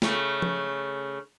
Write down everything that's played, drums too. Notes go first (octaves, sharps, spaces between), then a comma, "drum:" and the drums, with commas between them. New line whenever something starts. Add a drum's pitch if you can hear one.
C#3 A3, drum: snare
drum: tom F3